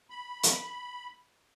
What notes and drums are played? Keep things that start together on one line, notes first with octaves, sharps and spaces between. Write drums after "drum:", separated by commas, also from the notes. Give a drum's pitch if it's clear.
B5
drum: hi-hat